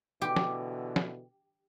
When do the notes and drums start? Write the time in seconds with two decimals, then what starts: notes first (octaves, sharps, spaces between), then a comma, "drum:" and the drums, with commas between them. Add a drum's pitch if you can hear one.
0.22 B2 D3 E3 G4
0.36 drum: snare
0.96 drum: snare